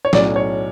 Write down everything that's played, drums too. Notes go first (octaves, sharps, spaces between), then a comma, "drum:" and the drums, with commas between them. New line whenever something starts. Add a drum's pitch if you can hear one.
C#5
B1 A2 F#3 C#4 D5, drum: snare
C#5